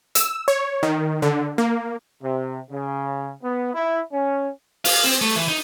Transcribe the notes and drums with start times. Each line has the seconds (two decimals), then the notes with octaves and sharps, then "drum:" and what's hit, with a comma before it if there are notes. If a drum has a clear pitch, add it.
0.15 E6, drum: hi-hat
0.48 C#5
0.83 D#3
1.22 D3
1.58 A#3
2.23 C3
2.70 C#3
3.42 B3
3.74 E4
4.13 C#4
4.85 F5, drum: open hi-hat
5.04 C4
5.21 A3
5.35 E3
5.48 D#4